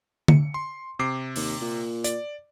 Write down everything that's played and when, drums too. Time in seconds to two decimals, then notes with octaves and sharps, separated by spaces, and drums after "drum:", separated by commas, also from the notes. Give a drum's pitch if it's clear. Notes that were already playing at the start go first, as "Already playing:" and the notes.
0.28 C#7, drum: tom D3
0.54 C6
0.99 C3 D6 C7
1.36 D#2, drum: open hi-hat
1.61 A#2
2.04 D5, drum: hi-hat